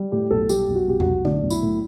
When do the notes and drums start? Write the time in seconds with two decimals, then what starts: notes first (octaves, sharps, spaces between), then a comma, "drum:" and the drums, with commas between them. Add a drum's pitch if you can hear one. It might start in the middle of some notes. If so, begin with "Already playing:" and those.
Already playing: G3
0.12 A2 G4
0.31 B1 A4
0.49 G3 G4, drum: tambourine
0.68 B1
0.75 F#4
0.88 B1 G4
1.00 F#4, drum: tom E2
1.06 B1
1.25 A2 D4, drum: tom D3
1.44 B1
1.50 E4, drum: tambourine
1.63 A2